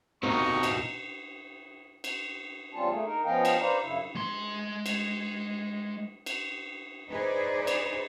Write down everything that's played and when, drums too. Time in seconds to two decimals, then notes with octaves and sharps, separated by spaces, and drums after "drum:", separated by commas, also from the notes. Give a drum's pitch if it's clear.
0.23 D#2 B2 C4 D#4 A#4 C#6
0.63 drum: cymbal
2.04 drum: cymbal
2.74 E2 G3 C4 C#4 F4 A5
2.89 A3 A#3 G#4
3.05 D#4 A#4
3.25 F3 B3 C#4 D#5 F5 G5
3.45 drum: cymbal
3.61 B4 C5 D5 F5 A#5
3.82 F#2 C#3 E4
4.15 G#3 C6
4.86 drum: cymbal
6.26 drum: cymbal
7.10 D#4 G#4 B4 C5 D5
7.67 drum: cymbal